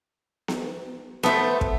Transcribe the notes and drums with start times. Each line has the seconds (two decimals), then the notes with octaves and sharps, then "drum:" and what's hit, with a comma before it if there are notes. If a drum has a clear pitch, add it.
0.48 drum: snare B3
1.23 A3 B3 A4 C5, drum: snare B3
1.61 drum: kick